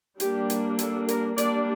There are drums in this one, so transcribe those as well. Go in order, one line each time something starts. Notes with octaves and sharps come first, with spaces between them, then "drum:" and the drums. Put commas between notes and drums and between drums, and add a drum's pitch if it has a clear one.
G3 A#3 D4 G4, drum: hi-hat
drum: hi-hat
A4, drum: hi-hat
A#4, drum: hi-hat
G3 A#3 D4 D5, drum: hi-hat